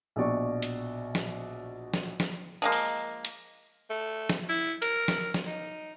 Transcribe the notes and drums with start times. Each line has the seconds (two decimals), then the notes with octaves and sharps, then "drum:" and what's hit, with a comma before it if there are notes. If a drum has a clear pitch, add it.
0.16 A#1 B2 D5 C#6
0.62 drum: hi-hat
1.15 drum: snare
1.94 drum: snare
2.20 drum: snare
2.62 F3 G#3 A#3
2.72 drum: open hi-hat
3.25 drum: hi-hat
3.90 A3
4.30 drum: snare
4.49 E4
4.82 A#4, drum: hi-hat
5.08 drum: snare
5.34 drum: snare
5.47 D#4